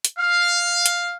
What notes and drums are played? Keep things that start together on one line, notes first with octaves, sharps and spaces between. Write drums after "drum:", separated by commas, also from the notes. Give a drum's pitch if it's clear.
drum: hi-hat
F5
drum: hi-hat